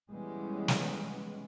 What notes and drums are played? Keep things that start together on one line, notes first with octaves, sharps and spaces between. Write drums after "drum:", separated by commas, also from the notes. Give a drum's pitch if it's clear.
E3 G3 G#3 B3 C#4
drum: snare